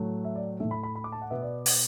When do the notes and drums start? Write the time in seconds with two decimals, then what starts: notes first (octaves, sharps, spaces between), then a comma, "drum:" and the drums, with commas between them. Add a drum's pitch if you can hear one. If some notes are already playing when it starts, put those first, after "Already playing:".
Already playing: A2 F#3 A3
0.24 E5
0.35 D5
0.60 A2 A3 E5
0.71 B5
0.83 B5
0.95 B5
1.04 D6
1.12 A5
1.22 F#5
1.30 B2 B3 E5
1.42 D5
1.66 drum: open hi-hat